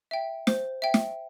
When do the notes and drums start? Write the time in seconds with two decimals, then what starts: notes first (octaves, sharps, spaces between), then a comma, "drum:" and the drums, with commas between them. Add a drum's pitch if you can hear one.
0.11 E5 G5
0.47 C5, drum: snare
0.82 E5 G5
0.94 drum: snare